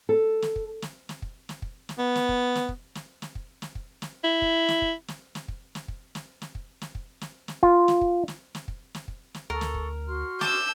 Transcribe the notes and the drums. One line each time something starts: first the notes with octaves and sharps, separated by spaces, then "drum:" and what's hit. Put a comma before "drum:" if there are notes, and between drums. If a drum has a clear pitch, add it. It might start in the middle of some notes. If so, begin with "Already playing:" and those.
A4
drum: snare
drum: kick
drum: snare
drum: snare
drum: kick
drum: snare
drum: kick
drum: snare
B3
drum: snare
drum: kick
drum: snare
drum: kick
drum: snare
drum: snare
drum: kick
drum: snare
drum: kick
drum: snare
E4
drum: kick
drum: snare
drum: kick
drum: snare
drum: snare
drum: kick
drum: snare
drum: kick
drum: snare
drum: snare
drum: kick
drum: snare
drum: kick
drum: snare
drum: snare
F4, drum: kick
drum: snare
drum: kick
drum: snare
drum: snare
drum: kick
drum: snare
drum: kick
drum: snare
D2 A4 A#4 C#6
drum: snare
drum: kick
F#4 C6 F6
A5 D6 E6 G6, drum: snare